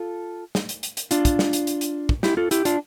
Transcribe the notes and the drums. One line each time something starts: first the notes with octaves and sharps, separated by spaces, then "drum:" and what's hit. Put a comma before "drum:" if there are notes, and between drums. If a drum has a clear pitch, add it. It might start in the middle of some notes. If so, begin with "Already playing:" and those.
Already playing: F4 A4
drum: snare
drum: hi-hat
drum: hi-hat
drum: hi-hat
D4 F4, drum: hi-hat
drum: kick, hi-hat
drum: snare
drum: hi-hat
drum: hi-hat
drum: hi-hat
drum: kick
E4 G4, drum: snare
F4 A4
E4 G4, drum: hi-hat
D4 F4, drum: hi-hat